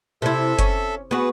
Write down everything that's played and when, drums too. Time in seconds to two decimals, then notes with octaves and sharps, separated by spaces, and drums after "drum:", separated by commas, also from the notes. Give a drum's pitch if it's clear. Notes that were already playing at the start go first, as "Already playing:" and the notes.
0.22 C3 E4 A4 E5
0.59 C#4, drum: kick F#1, hi-hat
1.11 B3 F#4 G#4 B4